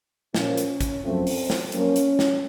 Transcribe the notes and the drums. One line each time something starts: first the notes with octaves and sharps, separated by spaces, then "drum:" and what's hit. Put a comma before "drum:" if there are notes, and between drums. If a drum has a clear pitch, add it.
A#2 F3 A#3 C#4, drum: snare
drum: hi-hat
drum: kick A1, hi-hat
F#2 F3 A3 C4
drum: open hi-hat
drum: snare
F#2 F3 A#3 C#4, drum: hi-hat
drum: hi-hat
drum: snare